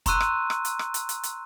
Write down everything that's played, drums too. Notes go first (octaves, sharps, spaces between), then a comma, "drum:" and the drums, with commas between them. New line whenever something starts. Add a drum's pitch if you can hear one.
A#5 C6 C#6 E6 F#6 D#7, drum: kick, hi-hat
drum: rim click
drum: rim click
drum: hi-hat
drum: rim click
drum: hi-hat
drum: hi-hat
drum: hi-hat